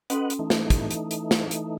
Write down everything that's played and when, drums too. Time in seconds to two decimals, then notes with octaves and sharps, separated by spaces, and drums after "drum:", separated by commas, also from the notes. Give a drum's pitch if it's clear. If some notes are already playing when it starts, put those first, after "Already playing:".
0.10 C#4 F#4 A4 B4 D#5 F#5, drum: hi-hat
0.30 drum: hi-hat
0.39 E3 A3 D#4
0.50 drum: snare
0.70 drum: kick, hi-hat
0.91 drum: hi-hat
1.11 drum: hi-hat
1.31 drum: snare
1.51 drum: hi-hat